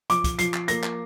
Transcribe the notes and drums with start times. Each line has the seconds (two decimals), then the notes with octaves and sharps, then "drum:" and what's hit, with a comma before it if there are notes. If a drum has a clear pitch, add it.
0.10 F3 D6, drum: hi-hat
0.24 drum: kick, hi-hat
0.39 F3 C7, drum: hi-hat
0.54 drum: clap
0.68 A#3 A#6, drum: hi-hat
0.83 drum: clap